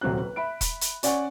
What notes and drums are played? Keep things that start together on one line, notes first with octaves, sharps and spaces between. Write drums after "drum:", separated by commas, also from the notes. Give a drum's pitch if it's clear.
D#1 C2 F#3 C4 F#6
B4
E5 B5 D7
drum: kick E1, hi-hat
drum: hi-hat
C#4 D5 F#5 G#5 C#6, drum: hi-hat